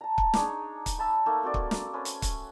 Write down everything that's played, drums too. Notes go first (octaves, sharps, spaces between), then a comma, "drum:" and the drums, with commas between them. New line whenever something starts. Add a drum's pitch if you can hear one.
A5 A#5
drum: kick
D4 D#4 G#4 C#5, drum: snare
drum: kick, hi-hat
E5 A5 B5
A3 A#3 D#4
C4 F#4 D5
drum: kick
drum: snare
C#4 B4 C5
drum: hi-hat
drum: kick, hi-hat